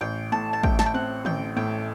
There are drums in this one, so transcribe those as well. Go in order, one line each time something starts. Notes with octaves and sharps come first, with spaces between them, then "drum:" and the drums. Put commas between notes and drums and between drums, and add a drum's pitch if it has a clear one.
A1 G5
A2 A5
A5
A3 G5, drum: kick
A5, drum: snare
G5
C4 F#5
A1 G5, drum: tom D3
A2 G5